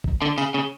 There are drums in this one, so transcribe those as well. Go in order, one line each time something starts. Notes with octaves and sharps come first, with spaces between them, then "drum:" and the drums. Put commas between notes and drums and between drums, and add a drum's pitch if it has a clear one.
drum: kick A#1
D3
C#3, drum: tambourine
C#3